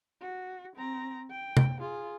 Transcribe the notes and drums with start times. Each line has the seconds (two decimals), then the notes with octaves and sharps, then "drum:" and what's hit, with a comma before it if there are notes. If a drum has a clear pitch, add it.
0.21 F#4
0.76 C4 A#5
1.31 G5
1.57 drum: tom C3
1.80 F4 G#4